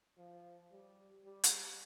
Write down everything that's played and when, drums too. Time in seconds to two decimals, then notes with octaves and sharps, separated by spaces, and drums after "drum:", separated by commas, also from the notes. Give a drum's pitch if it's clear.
0.18 F3
0.72 G3
1.25 G3
1.44 drum: hi-hat